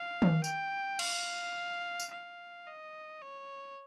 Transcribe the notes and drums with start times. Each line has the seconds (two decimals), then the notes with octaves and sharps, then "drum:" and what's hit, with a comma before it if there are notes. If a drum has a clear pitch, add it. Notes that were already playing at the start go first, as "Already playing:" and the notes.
Already playing: F5
0.22 drum: tom D#3
0.44 G5, drum: tambourine
0.99 F5, drum: cymbal
2.00 drum: tambourine
2.11 F5
2.67 D#5
3.22 C#5